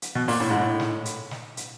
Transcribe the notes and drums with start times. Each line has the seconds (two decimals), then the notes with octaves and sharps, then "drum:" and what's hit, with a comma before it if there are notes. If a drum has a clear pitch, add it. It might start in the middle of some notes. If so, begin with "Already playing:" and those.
0.02 drum: hi-hat
0.15 B2
0.28 A#2, drum: open hi-hat
0.40 A2
0.50 G#2
0.60 A2
0.80 drum: snare
1.05 drum: hi-hat
1.31 drum: snare
1.57 drum: hi-hat